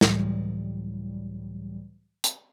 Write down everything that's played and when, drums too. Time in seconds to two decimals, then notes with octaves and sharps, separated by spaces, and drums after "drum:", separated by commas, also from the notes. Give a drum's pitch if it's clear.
0.01 C#2 A2 E3 F#3 G3, drum: snare
2.24 drum: hi-hat